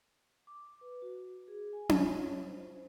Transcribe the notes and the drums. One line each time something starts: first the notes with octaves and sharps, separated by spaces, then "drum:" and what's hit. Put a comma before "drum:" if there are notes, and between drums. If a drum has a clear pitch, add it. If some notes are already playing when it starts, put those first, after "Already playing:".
D6
B4
F#4
G#4
G#5
F4, drum: tom C#4
C#5
C#4
C5